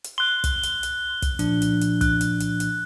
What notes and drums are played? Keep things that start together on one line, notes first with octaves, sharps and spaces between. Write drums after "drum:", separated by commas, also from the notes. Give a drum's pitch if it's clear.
drum: hi-hat
C6 F#6 G7
drum: kick, hi-hat
drum: hi-hat
drum: hi-hat
drum: kick, hi-hat
A#2 F3 D4, drum: hi-hat
drum: hi-hat
drum: hi-hat
F#6, drum: kick, hi-hat
drum: hi-hat
drum: hi-hat
drum: hi-hat